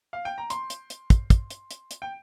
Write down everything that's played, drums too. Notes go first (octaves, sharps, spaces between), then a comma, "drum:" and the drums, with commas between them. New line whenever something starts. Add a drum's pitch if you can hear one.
F5
G5
A#5
C6, drum: hi-hat
drum: hi-hat
drum: hi-hat
drum: kick, hi-hat
drum: kick, hi-hat
drum: hi-hat
drum: hi-hat
drum: hi-hat
G5